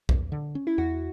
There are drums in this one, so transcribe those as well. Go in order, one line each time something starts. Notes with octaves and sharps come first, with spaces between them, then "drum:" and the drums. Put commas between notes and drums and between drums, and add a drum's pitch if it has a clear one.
E2, drum: kick B1
D3
C#4
E4
E2 F#4